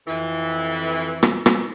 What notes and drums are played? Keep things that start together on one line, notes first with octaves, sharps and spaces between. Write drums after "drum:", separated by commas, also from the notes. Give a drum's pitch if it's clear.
F2 E3
drum: rim click
drum: rim click